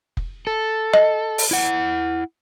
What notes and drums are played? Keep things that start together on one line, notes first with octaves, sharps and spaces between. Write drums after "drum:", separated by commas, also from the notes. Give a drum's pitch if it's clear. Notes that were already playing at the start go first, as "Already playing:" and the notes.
drum: kick F1
A4
D#5
drum: open hi-hat
E4 F#5